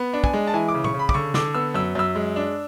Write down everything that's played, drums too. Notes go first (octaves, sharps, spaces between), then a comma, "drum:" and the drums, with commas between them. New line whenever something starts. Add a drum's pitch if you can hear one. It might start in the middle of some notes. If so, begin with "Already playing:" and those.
Already playing: B3
D4
G#5, drum: kick
G#3
A5
E3 G#5
D6
C#3
C#6, drum: tom
C#3
B5
D6, drum: kick
D3 C#6
D3 D6, drum: snare
B3 E6
F#2 E6
F#2 E6
G#3
D4